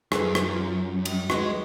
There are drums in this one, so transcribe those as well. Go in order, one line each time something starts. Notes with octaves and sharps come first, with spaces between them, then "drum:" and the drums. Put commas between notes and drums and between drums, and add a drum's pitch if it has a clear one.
F#2 G#4 A4 B4, drum: rim click
drum: rim click
F4
drum: cymbal
G#3 F#4 B4 D#5, drum: rim click